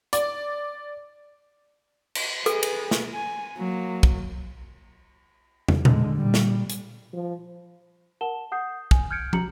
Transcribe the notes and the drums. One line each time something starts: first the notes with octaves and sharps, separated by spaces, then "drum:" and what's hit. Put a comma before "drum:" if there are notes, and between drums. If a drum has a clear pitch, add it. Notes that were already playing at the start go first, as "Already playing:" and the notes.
D5, drum: hi-hat
drum: cymbal
G#4 A4 B4, drum: hi-hat
drum: cymbal
drum: snare
G#5
F#3 A#3
drum: kick
drum: tom
D3 G#3, drum: tom A#2
A#2 G3
drum: snare
drum: hi-hat
F3
A#4 F#5 A5 E7 G7
F#5 D#6 G6 C7
G#5, drum: kick
F6 G6 G#6 C#7 D7
F#4 A#5 C#7 F#7, drum: tom